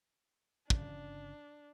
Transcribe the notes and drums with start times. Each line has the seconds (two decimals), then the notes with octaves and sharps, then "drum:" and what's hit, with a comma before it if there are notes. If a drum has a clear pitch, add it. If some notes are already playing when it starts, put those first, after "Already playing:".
0.70 G1 C#3 D4, drum: kick